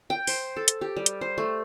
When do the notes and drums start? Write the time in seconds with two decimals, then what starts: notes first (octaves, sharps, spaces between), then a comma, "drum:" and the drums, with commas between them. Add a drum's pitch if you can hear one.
0.10 G5
0.27 C5, drum: open hi-hat
0.56 A4
0.68 drum: hi-hat
0.81 G4
0.96 G3
1.06 drum: hi-hat
1.21 C5
1.38 A3